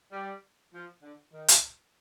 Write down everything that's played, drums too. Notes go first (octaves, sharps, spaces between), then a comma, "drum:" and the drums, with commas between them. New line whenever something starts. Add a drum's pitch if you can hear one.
G3
F3
D3
D#3
drum: hi-hat